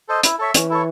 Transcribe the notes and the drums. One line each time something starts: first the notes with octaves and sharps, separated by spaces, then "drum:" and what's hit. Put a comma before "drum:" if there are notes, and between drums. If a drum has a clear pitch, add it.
A4 C5 D#5
E4, drum: hi-hat
A4 C#5 E5
E3 C#4, drum: hi-hat
E4 A4 C#5